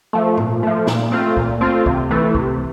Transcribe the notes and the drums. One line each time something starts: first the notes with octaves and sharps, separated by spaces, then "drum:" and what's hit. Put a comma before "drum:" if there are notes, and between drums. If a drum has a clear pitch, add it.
F3 A3
A#2, drum: tom G#2
F3 A3
A#2, drum: snare
A3 C4 F4
A#2, drum: kick C2
A3 C4 F4
C3, drum: kick C2
E3 A3
C3, drum: kick C2